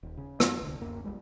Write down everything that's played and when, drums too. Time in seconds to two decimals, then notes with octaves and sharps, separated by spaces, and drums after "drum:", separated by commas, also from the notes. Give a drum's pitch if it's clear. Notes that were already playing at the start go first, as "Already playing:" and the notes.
0.03 D#1
0.17 C#3
0.40 F#2 D#3 F#3 G3, drum: rim click
0.59 D1 C2 D3
0.82 D1 F#2 A#3
1.04 B1 G3 G#3